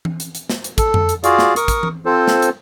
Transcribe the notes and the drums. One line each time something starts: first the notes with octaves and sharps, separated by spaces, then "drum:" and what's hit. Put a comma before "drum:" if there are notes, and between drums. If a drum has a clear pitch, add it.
drum: tom E3
drum: hi-hat
drum: hi-hat
drum: snare
drum: hi-hat
A4, drum: kick, hi-hat
drum: tom F2
drum: hi-hat
F4 F#4 G#4 D5 F5, drum: hi-hat
drum: snare
A#4 C#6 D#6, drum: hi-hat
drum: kick, hi-hat
drum: tom E3
C4 F4 A4 C5
drum: snare
drum: hi-hat